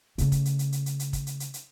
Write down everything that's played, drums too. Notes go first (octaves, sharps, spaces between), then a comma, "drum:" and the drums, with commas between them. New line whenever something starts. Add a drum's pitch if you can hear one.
C#3 A3, drum: hi-hat
drum: kick, hi-hat
drum: hi-hat
drum: hi-hat
drum: hi-hat
drum: hi-hat
drum: hi-hat
drum: kick, hi-hat
drum: hi-hat
drum: hi-hat
drum: hi-hat